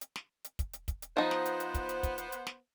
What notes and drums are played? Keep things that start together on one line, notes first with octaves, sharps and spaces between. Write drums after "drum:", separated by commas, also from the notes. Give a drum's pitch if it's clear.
drum: hi-hat
drum: snare
drum: hi-hat
drum: kick, hi-hat
drum: hi-hat
drum: kick, hi-hat
drum: hi-hat
F3 B3 D#4 C5
drum: snare
drum: hi-hat
drum: hi-hat
drum: kick, hi-hat
drum: hi-hat
drum: kick, hi-hat
drum: hi-hat
drum: hi-hat
drum: snare